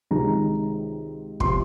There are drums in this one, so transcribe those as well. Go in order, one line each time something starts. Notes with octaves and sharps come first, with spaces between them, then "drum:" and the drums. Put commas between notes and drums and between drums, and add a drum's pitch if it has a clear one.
C#2 C3 D#3 A#5
C3 F3 C6, drum: kick